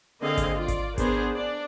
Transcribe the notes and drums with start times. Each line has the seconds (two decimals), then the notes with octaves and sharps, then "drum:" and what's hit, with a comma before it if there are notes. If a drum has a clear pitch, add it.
0.22 D3 A#3 C4 G#4 D#5 F5
0.37 drum: kick G#1, hi-hat
0.57 F4 D5
0.68 drum: kick G#1, hi-hat
0.98 B3 D4 G#4 A#4 C5, drum: kick G#1, hi-hat
1.34 D4 D5